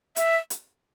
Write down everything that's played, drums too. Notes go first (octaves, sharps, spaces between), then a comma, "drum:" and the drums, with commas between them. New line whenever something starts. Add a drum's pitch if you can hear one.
E5, drum: hi-hat
drum: hi-hat